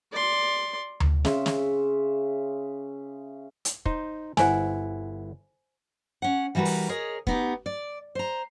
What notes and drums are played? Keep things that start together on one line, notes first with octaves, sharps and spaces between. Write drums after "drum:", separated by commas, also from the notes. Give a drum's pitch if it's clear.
D5 C6
drum: tom D2
C#3 E5 C6, drum: snare
drum: snare
drum: hi-hat
D#4 C5, drum: kick
G1 E4 C5 F#5 G#5, drum: snare
C#4 F#5
E3 G3 F#4 A#4 B4
drum: open hi-hat
G#4 A#4 C#5 D#5
B3 D#4 G4, drum: kick
D5
C5 A#5